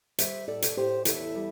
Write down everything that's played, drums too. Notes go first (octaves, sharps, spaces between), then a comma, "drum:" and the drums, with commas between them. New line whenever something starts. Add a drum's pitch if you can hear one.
G3 C5 E5, drum: hi-hat
A2 A4 D5
drum: hi-hat
A2 G4 C5
E2 E4 A4, drum: hi-hat
G3